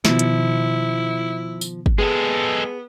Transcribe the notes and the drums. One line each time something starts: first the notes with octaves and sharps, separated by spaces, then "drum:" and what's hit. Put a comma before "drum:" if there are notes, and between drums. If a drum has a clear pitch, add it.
B2 D#3 F3 E4, drum: snare
drum: hi-hat
drum: tambourine
drum: kick
G#3 B3 G#4 A4 G5